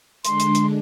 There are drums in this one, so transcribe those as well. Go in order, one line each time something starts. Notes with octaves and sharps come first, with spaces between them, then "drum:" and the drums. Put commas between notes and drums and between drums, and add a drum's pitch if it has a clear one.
D3 G#3 D4 C6, drum: hi-hat
drum: hi-hat
drum: hi-hat